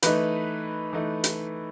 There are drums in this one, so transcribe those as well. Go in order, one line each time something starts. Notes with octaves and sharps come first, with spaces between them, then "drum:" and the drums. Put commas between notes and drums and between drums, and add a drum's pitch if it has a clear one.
E3 A3 D#4 B4, drum: hi-hat
E3 A3 D#4
drum: hi-hat